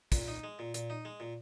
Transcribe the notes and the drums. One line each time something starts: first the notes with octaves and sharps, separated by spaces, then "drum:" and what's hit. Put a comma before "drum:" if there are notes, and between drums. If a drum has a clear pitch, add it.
A#2, drum: kick, hi-hat
D#4
G#3
A#2
A#2, drum: hi-hat
D#4
G#3
A#2